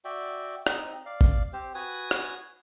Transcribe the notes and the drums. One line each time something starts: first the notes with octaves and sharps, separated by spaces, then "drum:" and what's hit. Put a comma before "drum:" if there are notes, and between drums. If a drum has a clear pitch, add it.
F#4 D5 E5 G5
C4 D#4 D#5, drum: rim click
D5 F5
drum: kick G1
C4 G4 C5
F#4 B4 G#5 D#6
drum: rim click